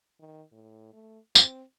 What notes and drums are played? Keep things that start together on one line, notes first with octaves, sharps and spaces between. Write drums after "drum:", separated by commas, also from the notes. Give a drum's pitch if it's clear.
D#3
A2
A3
C4, drum: tambourine